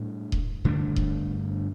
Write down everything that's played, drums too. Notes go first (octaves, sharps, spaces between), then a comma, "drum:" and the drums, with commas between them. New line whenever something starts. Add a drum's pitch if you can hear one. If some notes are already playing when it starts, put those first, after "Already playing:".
Already playing: A2 G3 D4
drum: kick D#1
G2 D3 A3 D4
drum: kick D#1